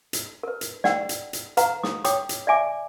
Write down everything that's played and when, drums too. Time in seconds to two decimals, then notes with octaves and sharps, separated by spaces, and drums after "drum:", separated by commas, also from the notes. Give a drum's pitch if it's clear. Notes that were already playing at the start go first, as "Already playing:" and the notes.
0.13 drum: hi-hat
0.43 A#4 B4
0.61 drum: hi-hat
0.84 D5 F#5 G5 E6, drum: snare
1.09 drum: hi-hat
1.33 drum: hi-hat
1.57 B4 F5 F#5 A#5, drum: hi-hat
1.83 D#6, drum: snare
2.05 C#5 G5 D6 D#6, drum: hi-hat
2.29 drum: hi-hat
2.47 D5 E5 G#5 D6